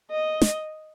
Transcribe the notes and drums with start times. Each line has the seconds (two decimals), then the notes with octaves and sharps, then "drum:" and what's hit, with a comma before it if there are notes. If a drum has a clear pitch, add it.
0.11 D#5
0.42 drum: snare